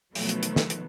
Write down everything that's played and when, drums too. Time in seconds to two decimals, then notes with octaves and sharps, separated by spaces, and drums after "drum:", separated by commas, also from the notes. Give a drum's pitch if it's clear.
0.15 B2 D#3 F3 F#3 A3 B3, drum: open hi-hat
0.29 drum: hi-hat
0.43 drum: hi-hat
0.56 drum: snare
0.70 drum: hi-hat